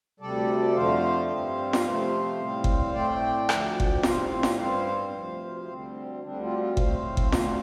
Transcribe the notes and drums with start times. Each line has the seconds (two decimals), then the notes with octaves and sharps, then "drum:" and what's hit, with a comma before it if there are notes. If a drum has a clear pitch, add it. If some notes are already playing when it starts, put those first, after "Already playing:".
0.20 D2 C3 G3 A4 D5
0.75 F2 D3 F3 A3 C5 F5
1.30 G2 G3 C4
1.73 drum: snare
1.85 C3 F3 A3 C4
2.39 A2 G3 C4
2.64 drum: kick G1
2.94 A2 A3 C4 D5 G5
3.49 D2 D3 F3, drum: rim click
3.80 drum: kick G1
4.03 A2 G3 C4 C5 F5, drum: snare
4.43 drum: snare
4.58 G2 G3 C4 C5 F5
5.13 D2 C3 F3
5.68 D2 D3 G3 C4
6.22 D2 D3 G3 C4 D4
6.41 C4 F4
6.51 G4
6.59 C4 F4
6.77 A2 A3 C4 C5 F5, drum: kick G1
7.17 drum: kick G1
7.32 D2 D3 A3 C4, drum: snare